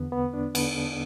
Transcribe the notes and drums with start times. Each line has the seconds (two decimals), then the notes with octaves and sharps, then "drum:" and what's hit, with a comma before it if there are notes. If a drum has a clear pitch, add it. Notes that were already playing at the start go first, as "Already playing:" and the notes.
Already playing: E2 D3 B3
0.12 B3
0.34 D4
0.55 D3 B3, drum: cymbal